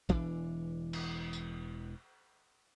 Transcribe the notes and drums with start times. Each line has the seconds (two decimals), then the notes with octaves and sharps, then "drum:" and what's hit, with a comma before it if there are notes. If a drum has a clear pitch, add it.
0.09 E1 E3 D4, drum: kick
0.93 drum: cymbal
1.33 drum: tambourine